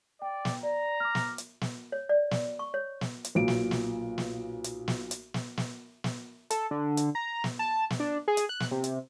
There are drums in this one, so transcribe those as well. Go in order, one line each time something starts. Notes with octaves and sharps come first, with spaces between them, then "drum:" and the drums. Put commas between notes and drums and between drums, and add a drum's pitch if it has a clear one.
D5 G5
drum: snare
D5 A#5
D6 F6
drum: snare
drum: hi-hat
drum: snare
C#5
D5
drum: snare
C#6
C#5
drum: snare
drum: hi-hat
B1 A#2 D7
drum: snare
drum: snare
drum: snare
drum: hi-hat
drum: snare
drum: hi-hat
drum: snare
drum: snare
drum: snare
A4, drum: hi-hat
D3
drum: hi-hat
A#5
drum: snare
A5
drum: snare
D4
G#4
drum: hi-hat
F#6
drum: snare
C3
drum: hi-hat